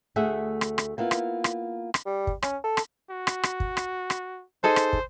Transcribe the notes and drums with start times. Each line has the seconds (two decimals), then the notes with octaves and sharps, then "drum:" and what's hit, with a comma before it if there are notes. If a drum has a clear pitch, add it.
0.16 D2 A3 G#4 E5 F#5
0.61 drum: rim click
0.78 drum: rim click
0.98 A#3 B3 E4 F4
1.11 drum: rim click
1.44 drum: rim click
1.94 drum: rim click
2.06 G3
2.27 drum: kick
2.42 C#4, drum: rim click
2.64 A4
2.77 drum: rim click
3.10 F#4
3.27 drum: rim click
3.43 drum: rim click
3.60 drum: kick
3.77 drum: rim click
4.10 drum: rim click
4.64 D#4 G#4 A4 C5
4.76 drum: rim click
4.93 drum: kick